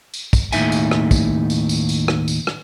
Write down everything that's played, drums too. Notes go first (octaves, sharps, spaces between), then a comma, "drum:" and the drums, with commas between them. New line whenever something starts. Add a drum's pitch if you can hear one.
drum: tambourine
drum: kick, tambourine
D#2 A2 C3 D#4 E5 G#5, drum: tambourine
drum: tambourine
drum: rim click
drum: kick, tambourine
drum: tambourine
drum: tambourine
drum: tambourine
drum: rim click
drum: tambourine
drum: rim click